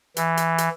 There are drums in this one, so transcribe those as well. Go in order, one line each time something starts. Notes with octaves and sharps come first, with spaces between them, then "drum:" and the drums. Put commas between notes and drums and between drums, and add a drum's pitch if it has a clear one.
E3, drum: hi-hat
drum: hi-hat
drum: hi-hat